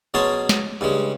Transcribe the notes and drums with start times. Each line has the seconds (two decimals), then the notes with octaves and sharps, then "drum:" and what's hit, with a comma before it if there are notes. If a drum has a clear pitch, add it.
0.14 B2 F#3 C#4 G#4 A5 C6
0.49 drum: snare
0.81 G2 C#3 G#3